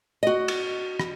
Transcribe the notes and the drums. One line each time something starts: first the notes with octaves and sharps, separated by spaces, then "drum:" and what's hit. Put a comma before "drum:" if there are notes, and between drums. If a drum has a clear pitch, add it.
F#4 D#5
drum: cymbal
drum: rim click